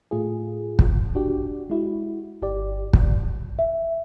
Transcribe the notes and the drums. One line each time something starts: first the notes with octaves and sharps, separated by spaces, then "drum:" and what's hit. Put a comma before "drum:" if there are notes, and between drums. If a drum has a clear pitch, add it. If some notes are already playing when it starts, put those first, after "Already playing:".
A2 A3 F4 G#4
drum: kick
D4 F#4 G4
G#3 E4 F#4
G1 G4 D5
drum: kick
E5